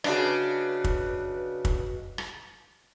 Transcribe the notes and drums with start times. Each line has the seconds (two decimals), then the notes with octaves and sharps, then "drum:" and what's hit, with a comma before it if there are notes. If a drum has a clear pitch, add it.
0.04 C#3 D4 F#4 B4 D#5, drum: rim click
0.84 drum: kick
1.65 drum: kick
2.18 drum: rim click